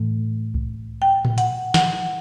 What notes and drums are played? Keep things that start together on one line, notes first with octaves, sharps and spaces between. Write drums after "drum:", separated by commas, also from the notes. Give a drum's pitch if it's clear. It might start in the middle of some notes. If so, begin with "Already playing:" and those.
Already playing: A2 E3 A3
drum: kick C2
G5
drum: tom A2
F#5, drum: hi-hat
F#5, drum: snare